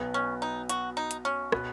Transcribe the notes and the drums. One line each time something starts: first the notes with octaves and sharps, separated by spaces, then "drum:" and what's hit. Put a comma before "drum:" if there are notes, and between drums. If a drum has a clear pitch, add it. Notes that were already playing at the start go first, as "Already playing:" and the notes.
Already playing: B1 B2 B3
C#4
D#4
F#4, drum: hi-hat
D#4
drum: hi-hat
C#4
B2 B3 F#4 B4, drum: rim click